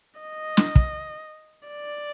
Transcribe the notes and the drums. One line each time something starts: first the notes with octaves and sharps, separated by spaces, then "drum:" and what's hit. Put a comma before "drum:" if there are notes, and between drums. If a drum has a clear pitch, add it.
D#5
drum: snare
drum: kick
D5